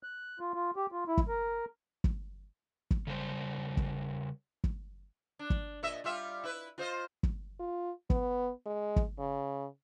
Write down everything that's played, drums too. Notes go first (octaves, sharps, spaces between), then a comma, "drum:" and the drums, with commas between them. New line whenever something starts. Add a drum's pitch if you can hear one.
F#6
F4
F4
G4
F4
E4
drum: kick
A#4
drum: kick
drum: kick
C#3 G3 C5
drum: kick
drum: kick
D4
drum: kick
A#2 D#5 E5
G3 F4 E5
E4 B4
F4 C5 D#5
drum: kick
F4
B3, drum: kick
G#3
drum: kick
C#3